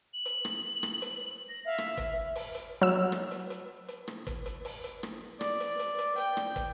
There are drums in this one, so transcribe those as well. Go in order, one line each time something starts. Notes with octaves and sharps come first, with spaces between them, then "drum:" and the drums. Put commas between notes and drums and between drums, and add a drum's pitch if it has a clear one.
F#7
drum: hi-hat
drum: rim click
drum: rim click
drum: hi-hat
A#6
E5 F5
drum: rim click
drum: kick, hi-hat
drum: open hi-hat
drum: hi-hat
F#3 E6
drum: rim click
drum: hi-hat
drum: hi-hat
drum: hi-hat
drum: rim click
drum: kick, hi-hat
drum: hi-hat
drum: open hi-hat
drum: hi-hat
drum: rim click
D5, drum: rim click
drum: hi-hat
drum: hi-hat
drum: hi-hat
G5, drum: hi-hat
drum: rim click
drum: kick, hi-hat